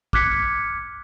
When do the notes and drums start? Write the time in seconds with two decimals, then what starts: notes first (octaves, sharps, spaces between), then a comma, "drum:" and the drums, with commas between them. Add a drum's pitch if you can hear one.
0.13 D6 F6 F#6 G#6 B6 C#7, drum: kick